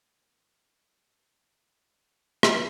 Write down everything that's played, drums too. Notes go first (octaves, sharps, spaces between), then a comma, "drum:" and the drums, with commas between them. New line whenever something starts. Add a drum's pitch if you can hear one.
G2 A#3 C5 F#5 G5
drum: rim click